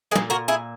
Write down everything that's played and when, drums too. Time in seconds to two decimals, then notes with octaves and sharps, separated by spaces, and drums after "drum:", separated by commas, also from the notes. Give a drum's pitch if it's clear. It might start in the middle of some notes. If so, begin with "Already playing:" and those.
0.11 G#3 G#4 B4
0.16 A#2, drum: snare
0.30 F#4 A#4
0.48 E4 G#4